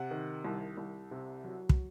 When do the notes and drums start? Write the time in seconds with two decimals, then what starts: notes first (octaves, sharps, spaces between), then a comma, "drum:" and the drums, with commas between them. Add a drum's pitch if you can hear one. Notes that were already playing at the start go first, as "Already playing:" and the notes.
Already playing: C3 F#5
0.11 D#3
0.45 C2
0.78 C2
1.11 C3
1.44 F#3
1.69 drum: kick